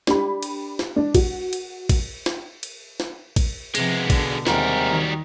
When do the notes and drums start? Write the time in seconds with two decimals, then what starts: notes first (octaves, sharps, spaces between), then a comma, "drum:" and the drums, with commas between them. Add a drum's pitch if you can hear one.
0.07 D4 G4 B5, drum: snare
0.43 drum: cymbal
0.79 drum: snare
0.96 D4
1.15 F#4, drum: kick A1, cymbal
1.53 drum: cymbal
1.89 drum: kick A1, cymbal
2.26 drum: snare
2.63 drum: cymbal
3.00 drum: snare
3.36 drum: kick A1, cymbal
3.75 C3 F3 G#3 B3, drum: cymbal
4.10 B2 D3, drum: kick A1, cymbal
4.47 D#2 C3 G3 G#3 F#4 A#4, drum: snare
4.90 D#3